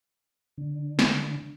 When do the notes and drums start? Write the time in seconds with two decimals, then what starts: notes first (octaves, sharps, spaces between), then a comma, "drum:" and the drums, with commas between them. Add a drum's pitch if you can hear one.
0.58 D3
0.99 drum: snare